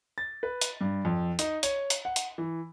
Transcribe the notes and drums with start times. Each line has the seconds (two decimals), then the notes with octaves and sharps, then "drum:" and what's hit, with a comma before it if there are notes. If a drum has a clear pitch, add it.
0.18 A6
0.43 B4
0.61 drum: hi-hat
0.81 G2
1.05 F2
1.39 D#4, drum: hi-hat
1.63 C#5, drum: hi-hat
1.90 drum: hi-hat
2.05 F#5
2.16 drum: hi-hat
2.38 E3